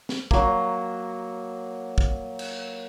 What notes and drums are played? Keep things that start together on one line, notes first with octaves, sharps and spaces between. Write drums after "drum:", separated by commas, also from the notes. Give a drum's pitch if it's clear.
drum: snare
F#3 A#3, drum: kick
drum: kick
drum: cymbal